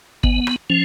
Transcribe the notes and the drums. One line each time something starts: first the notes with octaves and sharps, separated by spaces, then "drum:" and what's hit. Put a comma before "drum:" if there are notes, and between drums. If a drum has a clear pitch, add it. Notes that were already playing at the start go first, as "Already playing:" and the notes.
G#1 B3, drum: kick
drum: rim click
F3 C#4